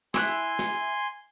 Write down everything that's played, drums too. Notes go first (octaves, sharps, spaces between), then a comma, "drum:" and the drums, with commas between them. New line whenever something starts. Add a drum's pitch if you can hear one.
E4 G#5 C6 D6 F#6, drum: snare
drum: snare